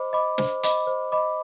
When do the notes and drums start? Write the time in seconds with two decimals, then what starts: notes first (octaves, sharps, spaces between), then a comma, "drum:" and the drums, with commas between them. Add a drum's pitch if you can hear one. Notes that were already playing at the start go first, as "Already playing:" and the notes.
Already playing: C5 D#5 B5 D6
0.13 D#5 B5 D6
0.38 C5, drum: snare
0.63 D#5 B5 D6, drum: hi-hat
0.87 C5
1.12 D#5 B5 D6